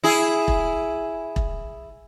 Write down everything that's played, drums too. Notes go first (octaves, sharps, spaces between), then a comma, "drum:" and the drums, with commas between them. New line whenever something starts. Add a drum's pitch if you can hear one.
E4 G#4
drum: kick E1
drum: kick E1